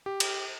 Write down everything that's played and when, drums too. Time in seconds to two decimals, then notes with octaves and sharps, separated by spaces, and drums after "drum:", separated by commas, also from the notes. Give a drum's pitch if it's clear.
0.06 G4
0.20 drum: cymbal